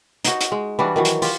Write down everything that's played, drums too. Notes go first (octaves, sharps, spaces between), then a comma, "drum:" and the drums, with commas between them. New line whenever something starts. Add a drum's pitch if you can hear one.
D#4 F#4, drum: hi-hat
drum: hi-hat
G#3
E3 G3 D4 F#4
D#3 E3 F#3
drum: hi-hat
F4 G4, drum: open hi-hat